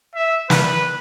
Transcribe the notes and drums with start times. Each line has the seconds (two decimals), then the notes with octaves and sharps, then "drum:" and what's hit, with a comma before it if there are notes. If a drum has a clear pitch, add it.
0.15 E5
0.50 B4, drum: snare